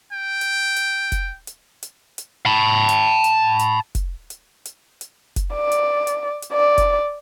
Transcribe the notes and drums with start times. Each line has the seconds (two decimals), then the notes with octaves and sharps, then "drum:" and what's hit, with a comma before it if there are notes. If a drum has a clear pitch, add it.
0.13 G5
0.41 drum: hi-hat
0.76 drum: hi-hat
1.12 drum: kick F1, hi-hat
1.47 drum: hi-hat
1.83 drum: hi-hat
2.18 drum: hi-hat
2.46 A5 B5
2.89 drum: hi-hat
3.24 drum: hi-hat
3.59 drum: hi-hat
3.95 drum: kick F1, hi-hat
4.30 drum: hi-hat
4.65 drum: hi-hat
5.01 drum: hi-hat
5.36 drum: kick F1, hi-hat
5.54 D5
5.72 drum: hi-hat
6.07 drum: hi-hat
6.42 drum: hi-hat
6.53 D5
6.78 drum: kick F1, hi-hat